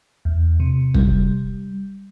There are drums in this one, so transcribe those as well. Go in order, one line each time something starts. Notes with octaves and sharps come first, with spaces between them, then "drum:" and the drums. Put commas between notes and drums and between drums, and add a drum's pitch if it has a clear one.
E2
C3
G3, drum: kick